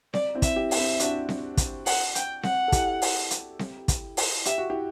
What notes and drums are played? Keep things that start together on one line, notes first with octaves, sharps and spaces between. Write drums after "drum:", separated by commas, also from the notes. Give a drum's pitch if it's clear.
D5, drum: snare C4
C4 E4
E5, drum: kick, hi-hat
E4 G4
E5, drum: open hi-hat
C4 E4
D4 F#4, drum: hi-hat
drum: snare C4
drum: kick, hi-hat
F#5, drum: open hi-hat
G5, drum: hi-hat
F#5, drum: snare C4
A4
E4 G4, drum: kick, hi-hat
drum: open hi-hat
drum: hi-hat
drum: snare C4
drum: kick, hi-hat
drum: open hi-hat
G4 E5, drum: hi-hat
F#4
E4 G4